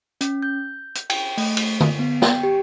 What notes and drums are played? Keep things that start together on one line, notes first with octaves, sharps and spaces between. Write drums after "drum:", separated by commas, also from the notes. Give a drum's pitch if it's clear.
C#4, drum: hi-hat
G6
drum: hi-hat
G5, drum: cymbal
A3, drum: open hi-hat
drum: cymbal
drum: tom D3
B3
G5, drum: snare
G4